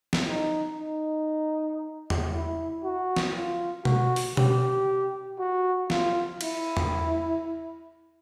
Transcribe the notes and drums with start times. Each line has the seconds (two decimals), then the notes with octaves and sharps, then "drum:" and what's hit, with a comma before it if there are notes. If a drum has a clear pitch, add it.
0.13 drum: snare
0.28 D#4
0.79 D#4
2.10 drum: tom
2.33 E4
2.84 F#4
3.16 drum: snare
3.35 F4
3.85 F#4, drum: tom B2
4.16 drum: open hi-hat
4.37 G4, drum: tom B2
5.39 F#4
5.90 F4, drum: snare
6.41 E4, drum: cymbal
6.77 drum: tom